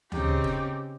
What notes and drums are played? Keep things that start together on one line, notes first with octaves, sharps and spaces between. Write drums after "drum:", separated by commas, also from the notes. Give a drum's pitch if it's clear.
C#3 C4 D#4 G4, drum: tom D2
drum: kick